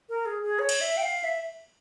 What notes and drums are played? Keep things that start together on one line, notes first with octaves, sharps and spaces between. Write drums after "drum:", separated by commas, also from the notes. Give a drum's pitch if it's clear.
A#4
G#4
G#4
C#5
drum: cymbal
E5
G5
F5
E5